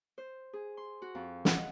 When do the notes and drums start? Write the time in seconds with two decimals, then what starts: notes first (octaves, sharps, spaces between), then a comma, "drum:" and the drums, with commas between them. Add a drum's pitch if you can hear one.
0.18 C5
0.53 G#4
0.77 C6
1.02 F#4
1.15 F2
1.45 F#5, drum: snare
1.58 D#5